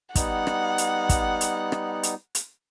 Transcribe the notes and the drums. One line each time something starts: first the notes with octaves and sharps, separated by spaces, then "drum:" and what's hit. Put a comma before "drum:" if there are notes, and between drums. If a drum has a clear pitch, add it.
G3 B3 D#4 F#5, drum: kick, hi-hat
drum: rim click
drum: hi-hat
drum: kick, hi-hat
drum: hi-hat
drum: rim click
drum: hi-hat
drum: hi-hat